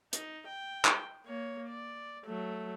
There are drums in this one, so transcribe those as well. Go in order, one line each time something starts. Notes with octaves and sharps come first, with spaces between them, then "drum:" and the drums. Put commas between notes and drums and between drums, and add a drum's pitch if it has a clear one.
D#4, drum: hi-hat
G5
drum: clap
A#3 C#5
D5
F#3 A3